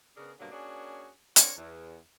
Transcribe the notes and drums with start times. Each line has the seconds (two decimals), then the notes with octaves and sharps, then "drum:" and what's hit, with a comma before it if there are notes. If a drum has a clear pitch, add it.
0.17 C#3 B3 D4 G#4 A#4
0.39 G2 B2 D3 F#3 A#3
0.52 A#3 C#4 D4 F#4 G#4
1.36 C4 D4 F#4 A#4 C#5, drum: hi-hat
1.57 E2